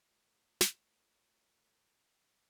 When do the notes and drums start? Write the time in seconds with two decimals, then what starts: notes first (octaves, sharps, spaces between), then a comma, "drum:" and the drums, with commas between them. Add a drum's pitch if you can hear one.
0.08 A3 F4 A#4 C#5
0.61 drum: snare